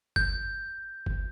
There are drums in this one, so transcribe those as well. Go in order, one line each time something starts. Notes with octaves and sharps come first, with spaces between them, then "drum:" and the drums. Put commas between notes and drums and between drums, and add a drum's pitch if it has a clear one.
G6, drum: kick G1
drum: kick G1